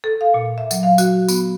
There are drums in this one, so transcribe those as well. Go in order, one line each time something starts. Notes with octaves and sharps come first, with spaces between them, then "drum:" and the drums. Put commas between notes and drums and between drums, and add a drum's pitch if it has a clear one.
A4
F5
A#2
E5
F#3, drum: tambourine
F5
F#4, drum: tambourine
B3, drum: tambourine